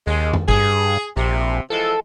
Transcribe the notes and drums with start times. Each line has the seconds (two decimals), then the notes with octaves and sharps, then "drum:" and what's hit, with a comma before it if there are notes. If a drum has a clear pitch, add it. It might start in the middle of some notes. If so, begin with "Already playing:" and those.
0.07 D#2 G#3
0.33 drum: tom F2
0.48 G2 G#4, drum: kick
1.17 A#1 C3
1.70 E3 F3 G#3 A4